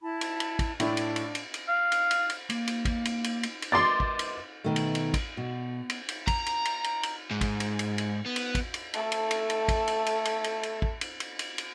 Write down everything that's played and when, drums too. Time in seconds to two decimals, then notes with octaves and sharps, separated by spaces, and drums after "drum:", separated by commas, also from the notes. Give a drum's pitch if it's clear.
0.01 E4 A5 B5
0.21 drum: cymbal
0.40 drum: cymbal
0.59 drum: kick, cymbal
0.80 A2 A3 D4 E4, drum: cymbal
0.97 drum: cymbal
1.16 drum: cymbal
1.35 drum: cymbal
1.54 drum: cymbal
1.69 F5
1.92 drum: cymbal
2.11 drum: cymbal
2.30 drum: cymbal
2.49 A#3, drum: cymbal
2.67 drum: cymbal
2.85 A#3, drum: kick, cymbal
3.05 drum: cymbal
3.24 drum: cymbal
3.43 drum: cymbal
3.62 drum: cymbal
3.72 A#4 B4 D#5 C6 D6 A6
4.00 drum: kick
4.19 drum: cymbal
4.64 B2 D#3 A3
4.76 drum: cymbal
4.95 drum: cymbal
5.14 drum: kick, cymbal
5.37 B2
5.90 drum: cymbal
6.08 drum: cymbal
6.27 A#5, drum: kick, cymbal
6.46 drum: cymbal
6.65 drum: cymbal
6.84 drum: cymbal
7.03 drum: cymbal
7.31 G#2
7.41 drum: kick, cymbal
7.60 drum: cymbal
7.79 drum: cymbal
7.98 drum: cymbal
8.26 B3
8.36 drum: cymbal
8.55 drum: kick, cymbal
8.74 drum: cymbal
8.94 A3 A4, drum: cymbal
9.12 drum: cymbal
9.31 drum: cymbal
9.50 drum: cymbal
9.68 drum: kick, cymbal
9.87 drum: cymbal
10.06 drum: cymbal
10.25 drum: cymbal
10.44 drum: cymbal
10.63 drum: cymbal
10.82 drum: kick
11.01 drum: cymbal
11.20 drum: cymbal
11.39 drum: cymbal
11.58 drum: cymbal